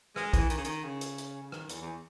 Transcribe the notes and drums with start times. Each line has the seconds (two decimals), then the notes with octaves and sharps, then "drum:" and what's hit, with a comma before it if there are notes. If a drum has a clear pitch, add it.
0.16 G#3, drum: rim click
0.33 E3, drum: kick, hi-hat
0.50 D#3, drum: hi-hat
0.58 C#3
0.65 D#3, drum: hi-hat
0.84 C#3
1.01 drum: hi-hat
1.18 drum: hi-hat
1.42 C#3
1.52 D#3, drum: rim click
1.69 E2, drum: hi-hat
1.82 E2